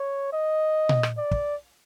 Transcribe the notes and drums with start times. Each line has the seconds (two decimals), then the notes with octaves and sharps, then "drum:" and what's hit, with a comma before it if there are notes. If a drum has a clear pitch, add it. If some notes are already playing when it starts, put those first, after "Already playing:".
Already playing: C#5
0.33 D#5
0.89 drum: tom A#2
1.03 drum: rim click
1.18 D5
1.31 drum: kick